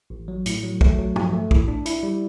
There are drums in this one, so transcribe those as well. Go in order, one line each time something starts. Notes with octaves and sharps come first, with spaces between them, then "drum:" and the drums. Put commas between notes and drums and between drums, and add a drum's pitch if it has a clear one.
A1
F#3
A2, drum: hi-hat
F#3
A3, drum: kick
F#3
F3, drum: tom
A3
A2, drum: kick
D4
E4, drum: hi-hat
G3